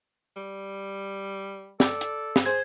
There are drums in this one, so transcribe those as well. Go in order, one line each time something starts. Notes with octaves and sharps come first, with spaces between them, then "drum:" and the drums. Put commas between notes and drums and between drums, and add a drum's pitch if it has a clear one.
G3
A4 D5, drum: snare
drum: hi-hat
drum: snare
G#4 C5 G#6